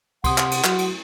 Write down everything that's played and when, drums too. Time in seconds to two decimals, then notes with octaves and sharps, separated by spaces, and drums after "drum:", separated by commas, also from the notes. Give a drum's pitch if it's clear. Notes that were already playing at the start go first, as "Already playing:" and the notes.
0.24 C3 F#5 C6 D#6, drum: kick, cymbal
0.38 drum: clap
0.51 drum: cymbal
0.64 F#3, drum: clap
0.79 drum: cymbal